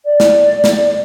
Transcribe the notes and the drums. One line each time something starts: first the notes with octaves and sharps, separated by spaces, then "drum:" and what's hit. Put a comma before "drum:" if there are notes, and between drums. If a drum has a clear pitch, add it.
D5
drum: snare
drum: snare